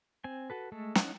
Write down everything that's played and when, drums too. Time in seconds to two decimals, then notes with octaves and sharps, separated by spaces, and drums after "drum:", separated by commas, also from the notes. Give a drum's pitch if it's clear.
0.24 C4 G#5
0.50 F#4 A4 B4
0.72 G#3 A3 A4
0.95 C#4 D#4 F#5, drum: snare